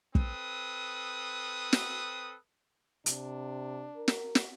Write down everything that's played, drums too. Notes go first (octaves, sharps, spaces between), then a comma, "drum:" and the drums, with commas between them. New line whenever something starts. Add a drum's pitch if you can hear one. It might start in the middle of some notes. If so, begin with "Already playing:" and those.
C4 A4 B4 D#6, drum: kick
drum: snare
C3 D4, drum: hi-hat
A#4
drum: snare
drum: snare